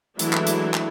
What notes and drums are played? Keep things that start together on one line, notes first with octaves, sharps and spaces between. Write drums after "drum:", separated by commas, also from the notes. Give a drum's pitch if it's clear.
E3 F#3 G#3 A3 D4 E4, drum: hi-hat
drum: clap
drum: hi-hat
drum: clap